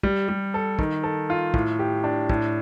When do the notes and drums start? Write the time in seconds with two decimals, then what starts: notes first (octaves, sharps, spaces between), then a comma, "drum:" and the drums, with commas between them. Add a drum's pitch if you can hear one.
0.03 G3, drum: kick
0.28 G3
0.54 A4
0.79 D#3, drum: kick
1.03 A4
1.30 F4
1.54 A2, drum: kick
1.79 G4
2.04 D4
2.29 A2, drum: kick